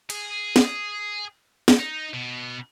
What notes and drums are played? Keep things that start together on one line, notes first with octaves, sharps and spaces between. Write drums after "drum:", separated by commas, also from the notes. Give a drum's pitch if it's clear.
G#4, drum: cymbal
drum: snare
drum: snare
D#4
B2